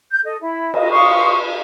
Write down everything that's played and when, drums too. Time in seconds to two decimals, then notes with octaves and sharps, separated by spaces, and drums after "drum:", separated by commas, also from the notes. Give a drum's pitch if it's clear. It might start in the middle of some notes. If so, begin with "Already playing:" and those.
0.10 G6
0.24 A4 D#5
0.40 E4
0.74 D#5, drum: cymbal
0.90 F5 C6 C#6 D#6